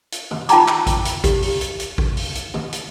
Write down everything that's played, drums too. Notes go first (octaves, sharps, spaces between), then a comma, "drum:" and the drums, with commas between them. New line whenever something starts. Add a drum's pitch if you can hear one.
drum: hi-hat
drum: tom D#3
F4 G5 A5 A#5 D6, drum: hi-hat
drum: clap
drum: kick A1, hi-hat
drum: hi-hat
G4, drum: kick A1, hi-hat
drum: open hi-hat
drum: hi-hat
drum: hi-hat
drum: kick A1
drum: open hi-hat
drum: hi-hat
drum: tom D#3
drum: hi-hat